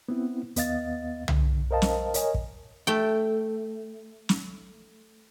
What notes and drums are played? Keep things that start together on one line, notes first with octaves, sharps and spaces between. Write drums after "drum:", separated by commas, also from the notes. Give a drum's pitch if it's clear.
B3 C4 E4
D#2 B3 D#5 F5 A6, drum: hi-hat
D3, drum: tom
A#4 C5 D#5 F5 A5
drum: snare
A#4 C#5 D#5 G#5, drum: hi-hat
drum: kick
A3 G5
drum: snare